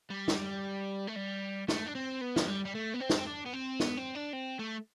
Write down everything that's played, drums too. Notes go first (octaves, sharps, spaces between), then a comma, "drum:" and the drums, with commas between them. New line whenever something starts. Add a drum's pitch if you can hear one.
G3
drum: snare
A3
G3
A3, drum: snare
D4
C4
B3
F3, drum: snare
G3
G3
A3
B3
C4
drum: snare
C4
D4
B3
C4
B3, drum: snare
C4
D4
C4
A3